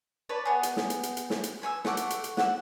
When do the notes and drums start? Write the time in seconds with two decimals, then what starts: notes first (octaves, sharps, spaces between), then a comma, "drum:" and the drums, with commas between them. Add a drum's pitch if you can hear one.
0.29 B4 C#5 D5 A5
0.45 B3 G#4
0.63 drum: hi-hat
0.77 drum: snare
0.90 drum: hi-hat
1.03 drum: hi-hat
1.17 drum: hi-hat
1.30 drum: snare
1.43 drum: hi-hat
1.62 B4 G#5 C6 E6
1.85 A3 F#5 C#6 D6, drum: snare
1.97 drum: hi-hat
2.10 drum: hi-hat
2.24 drum: hi-hat
2.37 F#5 E6, drum: snare